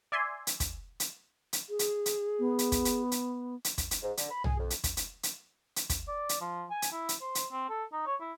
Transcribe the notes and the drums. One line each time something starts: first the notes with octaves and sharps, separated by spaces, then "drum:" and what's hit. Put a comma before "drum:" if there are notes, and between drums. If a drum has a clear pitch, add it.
D5 E5 G#5 C6
drum: hi-hat
drum: kick, hi-hat
drum: hi-hat
drum: hi-hat
G#4
drum: hi-hat
drum: hi-hat
B3
drum: hi-hat
drum: kick, hi-hat
drum: hi-hat
drum: hi-hat
drum: hi-hat
drum: kick, hi-hat
drum: hi-hat
G#2
D3, drum: hi-hat
B5
G#4, drum: tom
F2
drum: hi-hat
drum: kick, hi-hat
drum: hi-hat
drum: hi-hat
drum: hi-hat
drum: kick, hi-hat
D5
drum: hi-hat
F3
G#5
drum: hi-hat
E4
drum: hi-hat
C5
drum: hi-hat
C4
A4
D#4
C#5
E4